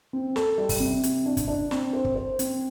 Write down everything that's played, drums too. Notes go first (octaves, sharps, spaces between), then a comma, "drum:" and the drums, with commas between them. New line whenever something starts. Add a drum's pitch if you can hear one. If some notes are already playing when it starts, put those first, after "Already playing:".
C4
A4, drum: snare
G3
drum: kick, open hi-hat
C3
C3, drum: hi-hat
D4
drum: kick, hi-hat
D4
C4, drum: snare
C5
drum: kick
C5
C4, drum: hi-hat